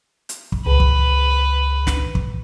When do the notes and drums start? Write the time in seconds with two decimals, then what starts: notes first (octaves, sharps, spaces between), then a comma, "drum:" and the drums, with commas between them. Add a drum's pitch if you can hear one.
0.29 drum: hi-hat
0.52 drum: kick
0.66 C#2 B4
0.80 drum: kick
1.87 drum: snare
2.15 drum: kick